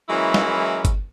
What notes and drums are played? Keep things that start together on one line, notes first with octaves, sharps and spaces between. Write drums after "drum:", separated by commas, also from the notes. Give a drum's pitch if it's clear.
E3 F#3 G#3 A#3 C#4 E4
drum: snare
drum: kick G1, hi-hat